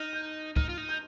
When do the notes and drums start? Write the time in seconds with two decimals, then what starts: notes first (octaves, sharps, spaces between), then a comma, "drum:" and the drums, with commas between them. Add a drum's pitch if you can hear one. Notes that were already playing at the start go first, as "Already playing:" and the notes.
Already playing: D#4 F6
0.13 G6
0.56 D#4 F6, drum: kick
0.69 F4
0.78 D#4
0.89 G6